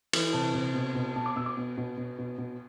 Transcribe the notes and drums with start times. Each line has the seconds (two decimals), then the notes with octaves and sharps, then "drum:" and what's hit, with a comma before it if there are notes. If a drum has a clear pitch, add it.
0.13 E3, drum: cymbal
0.33 C3 A5
0.54 C3
0.74 B2
0.95 B2
1.16 B2 A5
1.26 D6
1.36 B2 E6
1.46 D6
1.57 B2
1.77 B2
1.97 B2
2.18 B2
2.38 B2